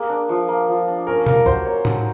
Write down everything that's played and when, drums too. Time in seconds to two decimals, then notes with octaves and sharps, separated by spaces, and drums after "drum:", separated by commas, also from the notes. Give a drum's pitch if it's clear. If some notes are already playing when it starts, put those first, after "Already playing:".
Already playing: A#3 G#4
0.09 D4
0.29 F3
0.48 A#3
0.69 F3
0.88 D4
1.07 C#4 A#4
1.26 A#3 A#4, drum: tom B2
1.46 F#3 C5, drum: kick
1.65 A#3 C#5
1.85 F#3, drum: tom A2